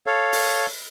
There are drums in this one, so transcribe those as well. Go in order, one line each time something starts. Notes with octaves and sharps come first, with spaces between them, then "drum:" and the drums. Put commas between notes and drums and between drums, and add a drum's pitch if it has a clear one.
A4 C#5 F5
drum: open hi-hat